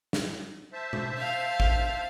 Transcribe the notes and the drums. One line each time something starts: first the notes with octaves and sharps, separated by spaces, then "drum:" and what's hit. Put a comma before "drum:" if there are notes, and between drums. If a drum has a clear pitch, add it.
drum: snare
C5 E5 A5
drum: tom
F5
drum: kick